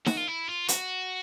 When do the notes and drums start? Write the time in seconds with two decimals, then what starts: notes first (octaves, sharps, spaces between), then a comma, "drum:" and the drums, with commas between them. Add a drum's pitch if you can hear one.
0.06 F#4, drum: snare D#4
0.17 F4
0.29 E4
0.49 F4
0.68 F#4, drum: hi-hat